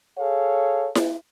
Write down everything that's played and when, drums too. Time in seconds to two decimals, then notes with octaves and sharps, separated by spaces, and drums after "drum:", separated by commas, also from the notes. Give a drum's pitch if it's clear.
0.18 G#4 A4 C#5 F5
0.95 drum: snare E4